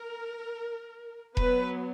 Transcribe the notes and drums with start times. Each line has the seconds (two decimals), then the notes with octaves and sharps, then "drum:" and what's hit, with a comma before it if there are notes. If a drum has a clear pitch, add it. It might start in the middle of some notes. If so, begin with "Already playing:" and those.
Already playing: A#4
1.37 F#3 B3 B4, drum: kick E1